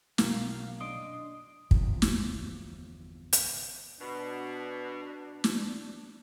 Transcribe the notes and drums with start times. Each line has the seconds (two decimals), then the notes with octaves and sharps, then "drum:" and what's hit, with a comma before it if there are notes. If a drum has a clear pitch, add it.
0.18 B1 F#2 A#4 F5, drum: snare
0.81 D4 D#5 C6 D#6 D7
1.71 G1 E2 C3 F3, drum: kick
2.02 drum: snare
3.33 drum: hi-hat
4.00 B2 D4
5.44 drum: snare